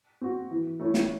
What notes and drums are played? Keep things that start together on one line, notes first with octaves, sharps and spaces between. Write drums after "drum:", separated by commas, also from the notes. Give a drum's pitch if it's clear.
C4 F#4
E3
A3 C#4 E4
drum: snare